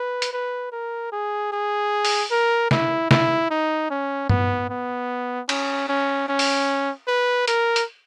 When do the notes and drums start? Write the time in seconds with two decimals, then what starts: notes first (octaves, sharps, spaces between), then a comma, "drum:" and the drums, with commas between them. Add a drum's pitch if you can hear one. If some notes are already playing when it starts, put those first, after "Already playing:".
Already playing: B4
0.22 drum: hi-hat
0.33 B4
0.72 A#4
1.12 G#4
1.52 G#4
2.05 drum: open hi-hat
2.31 A#4
2.71 E4, drum: snare
3.11 E4, drum: snare
3.51 D#4
3.90 C#4
4.29 B3, drum: tom G2
4.70 B3
5.49 C#4, drum: cymbal
5.89 C#4
6.29 C#4
6.39 drum: open hi-hat
7.08 B4
7.48 A#4, drum: hi-hat
7.76 drum: hi-hat